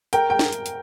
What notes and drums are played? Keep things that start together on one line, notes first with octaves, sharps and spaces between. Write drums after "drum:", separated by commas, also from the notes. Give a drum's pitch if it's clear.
A#4 G5, drum: hi-hat
G5
drum: snare
drum: hi-hat
drum: hi-hat